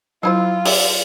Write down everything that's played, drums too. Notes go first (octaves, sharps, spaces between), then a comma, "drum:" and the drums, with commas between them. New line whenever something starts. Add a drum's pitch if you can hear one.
F3 F#3 E4 F4 C5
G4 E5, drum: open hi-hat